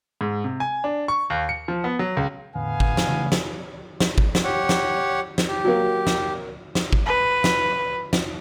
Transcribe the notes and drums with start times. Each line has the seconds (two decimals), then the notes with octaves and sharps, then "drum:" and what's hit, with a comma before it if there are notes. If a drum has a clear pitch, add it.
0.21 G#2
0.44 C3
0.60 G#5
0.84 D4
1.08 C#6
1.30 D#2
1.49 C#7
1.68 F3
1.84 B3
1.99 F#3
2.17 C#2
2.56 E2 A2 D3 B3 F5 G#5
2.80 drum: kick
2.97 drum: snare
3.08 C#3 E3 A3
3.32 drum: snare
4.00 drum: snare
4.18 drum: kick
4.35 drum: snare
4.44 G4 C#5 F#5
4.69 drum: snare
5.38 drum: snare
5.48 G4
5.64 F#3 A#3
6.07 drum: snare
6.75 drum: snare
6.93 drum: kick
7.06 B4
7.44 drum: snare
8.13 drum: snare